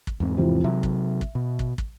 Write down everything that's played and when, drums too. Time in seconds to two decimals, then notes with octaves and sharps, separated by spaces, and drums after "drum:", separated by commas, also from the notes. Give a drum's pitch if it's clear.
0.07 drum: kick
0.20 E2 G#2 C4
0.37 C3 E3 F3
0.64 C3 F#3 E5
0.83 drum: kick
1.21 drum: kick
1.35 B2
1.59 drum: kick
1.78 drum: kick